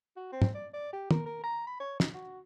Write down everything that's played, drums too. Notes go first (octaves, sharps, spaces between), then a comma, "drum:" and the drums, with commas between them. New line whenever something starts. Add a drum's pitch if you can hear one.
F#4
C4
drum: tom
D5
D5
G4
A#4, drum: tom
A#4
A#5
B5
C#5
D#4, drum: snare
F#4